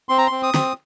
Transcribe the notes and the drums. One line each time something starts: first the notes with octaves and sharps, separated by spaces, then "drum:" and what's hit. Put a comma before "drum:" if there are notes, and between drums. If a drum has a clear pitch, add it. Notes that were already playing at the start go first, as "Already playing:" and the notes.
C4 C6
A#5
C4 C6
D#6
C4, drum: snare